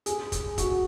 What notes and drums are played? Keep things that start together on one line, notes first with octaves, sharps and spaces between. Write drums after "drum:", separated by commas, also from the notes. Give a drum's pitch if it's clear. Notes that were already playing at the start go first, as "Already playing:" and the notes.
G#4, drum: hi-hat
drum: kick, hi-hat
F#4, drum: kick, hi-hat